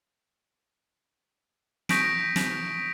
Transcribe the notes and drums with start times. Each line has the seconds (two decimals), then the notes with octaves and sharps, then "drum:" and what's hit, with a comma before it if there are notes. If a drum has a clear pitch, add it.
1.89 C#6 D#6 G6 A#6 B6 D7, drum: snare
2.36 drum: snare